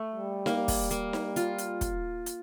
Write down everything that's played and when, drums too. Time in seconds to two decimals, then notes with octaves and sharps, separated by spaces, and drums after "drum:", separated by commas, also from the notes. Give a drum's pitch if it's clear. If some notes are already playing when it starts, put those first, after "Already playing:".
Already playing: A3
0.15 G3
0.46 A#3, drum: snare D#4
0.68 drum: kick, open hi-hat
0.91 A#3, drum: hi-hat
1.13 drum: snare D#4
1.36 F4, drum: hi-hat
1.58 drum: hi-hat
1.81 drum: kick, hi-hat
2.26 drum: hi-hat